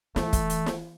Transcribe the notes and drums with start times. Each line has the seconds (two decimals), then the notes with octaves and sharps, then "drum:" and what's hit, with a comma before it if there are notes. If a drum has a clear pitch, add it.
0.16 E3 A3, drum: snare
0.33 drum: kick, hi-hat
0.50 drum: hi-hat
0.66 drum: snare